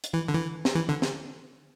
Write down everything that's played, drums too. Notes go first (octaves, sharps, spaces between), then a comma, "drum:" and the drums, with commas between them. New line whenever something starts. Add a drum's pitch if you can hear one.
drum: hi-hat
E3
D3
E3
drum: snare
E3
D3
drum: snare